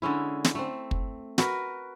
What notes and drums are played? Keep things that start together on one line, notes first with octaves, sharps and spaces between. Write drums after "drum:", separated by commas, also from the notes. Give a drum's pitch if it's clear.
D3 G#3 C#4 E4
drum: snare
A3 C4
drum: kick
F#4 A#4 B4, drum: snare